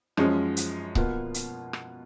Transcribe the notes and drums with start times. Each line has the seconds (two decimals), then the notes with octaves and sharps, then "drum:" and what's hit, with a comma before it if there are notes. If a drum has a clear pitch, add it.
0.17 F#2 F3 G#3 C#4, drum: rim click
0.57 drum: hi-hat
0.95 B2 A#3 F4 B4, drum: kick C#1
1.34 drum: hi-hat
1.73 drum: rim click